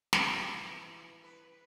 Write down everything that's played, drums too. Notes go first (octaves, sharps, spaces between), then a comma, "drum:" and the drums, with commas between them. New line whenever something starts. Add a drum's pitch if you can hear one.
E3, drum: snare
E3
B4